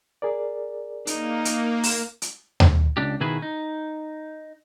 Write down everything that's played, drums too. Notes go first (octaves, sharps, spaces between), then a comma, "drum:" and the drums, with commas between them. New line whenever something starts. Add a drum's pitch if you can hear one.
G#4 A#4 D5
A#3 D#4, drum: hi-hat
drum: hi-hat
drum: open hi-hat
drum: hi-hat
drum: tom D#2
C#2 D4 G4
B2 D#3 E4 F#4 G#4 B4
D#4